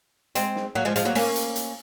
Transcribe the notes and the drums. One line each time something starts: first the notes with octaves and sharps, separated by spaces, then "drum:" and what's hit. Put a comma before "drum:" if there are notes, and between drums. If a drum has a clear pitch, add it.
G#3 C4, drum: hi-hat
drum: snare
F#3 A#3
F3 G#3
F3 G#3, drum: hi-hat
F#3 A#3
A#3 C#4, drum: open hi-hat
drum: hi-hat
drum: hi-hat